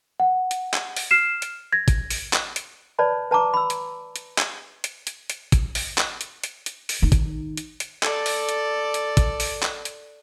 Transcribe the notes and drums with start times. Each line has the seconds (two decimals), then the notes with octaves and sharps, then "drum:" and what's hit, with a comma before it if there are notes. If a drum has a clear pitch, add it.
0.20 F#5
0.51 drum: hi-hat
0.74 drum: clap
0.97 drum: open hi-hat
1.11 F6 C7 E7
1.42 drum: hi-hat
1.72 G#6 A#6
1.88 drum: kick, hi-hat
2.10 drum: open hi-hat
2.33 drum: clap
2.56 drum: hi-hat
2.99 B4 C#5 D5 A5 B5
3.31 B4 A5 A#5 D6
3.54 B5 E6
3.70 drum: hi-hat
4.16 drum: hi-hat
4.38 drum: clap
4.84 drum: hi-hat
5.07 drum: hi-hat
5.30 drum: hi-hat
5.52 drum: kick, hi-hat
5.75 drum: open hi-hat
5.98 drum: clap
6.21 drum: hi-hat
6.44 drum: hi-hat
6.66 drum: hi-hat
6.89 drum: open hi-hat
7.02 D#3 D#4
7.12 drum: kick, hi-hat
7.57 drum: hi-hat
7.80 drum: hi-hat
8.03 A4 D5, drum: clap
8.26 drum: open hi-hat
8.49 drum: hi-hat
8.94 drum: hi-hat
9.17 drum: kick, hi-hat
9.40 drum: open hi-hat
9.63 drum: clap
9.85 drum: hi-hat